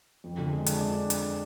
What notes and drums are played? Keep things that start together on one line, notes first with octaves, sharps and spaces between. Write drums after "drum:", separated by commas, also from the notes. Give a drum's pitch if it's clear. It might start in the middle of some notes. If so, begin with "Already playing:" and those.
F2
D3
G#3
D4, drum: hi-hat
D4
drum: hi-hat